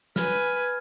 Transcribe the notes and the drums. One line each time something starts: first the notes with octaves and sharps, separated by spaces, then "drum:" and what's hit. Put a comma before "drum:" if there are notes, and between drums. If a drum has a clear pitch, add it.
B4 G#5 F6 G#6, drum: snare